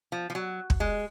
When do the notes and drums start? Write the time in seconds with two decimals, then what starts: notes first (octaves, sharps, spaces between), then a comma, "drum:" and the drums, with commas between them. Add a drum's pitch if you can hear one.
0.12 F3
0.30 F3
0.35 F#3
0.70 drum: kick
0.80 G#3